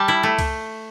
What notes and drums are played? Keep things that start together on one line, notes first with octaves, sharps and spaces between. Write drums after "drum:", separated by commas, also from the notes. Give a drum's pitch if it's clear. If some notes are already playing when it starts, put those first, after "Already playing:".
Already playing: G3 A5
E4
A3
drum: kick C2, cymbal